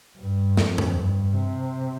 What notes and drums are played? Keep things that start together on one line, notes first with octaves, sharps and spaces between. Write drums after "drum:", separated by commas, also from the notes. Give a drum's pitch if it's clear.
G2
F2, drum: snare
drum: tom F2
G2
C3